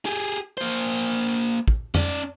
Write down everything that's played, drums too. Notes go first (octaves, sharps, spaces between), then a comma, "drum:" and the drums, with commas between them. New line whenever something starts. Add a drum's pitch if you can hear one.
G4 G#4
A#3 C5
drum: kick
C#4 D5, drum: tom F2